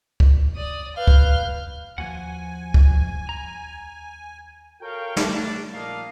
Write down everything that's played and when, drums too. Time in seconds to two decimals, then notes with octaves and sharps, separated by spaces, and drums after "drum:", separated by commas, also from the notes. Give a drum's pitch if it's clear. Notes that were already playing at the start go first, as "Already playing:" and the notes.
0.20 drum: kick
0.56 D5 D#6
0.97 B4 F5 F6 G6
1.07 drum: kick
1.98 D#2 F3 F#4 F#5 G#5
2.74 drum: kick
3.29 A#5
4.82 F#4 A4 A#4 C#5 F5 G5
5.16 A3 D4, drum: snare
5.73 A#1 A#3 D4 D#5 F5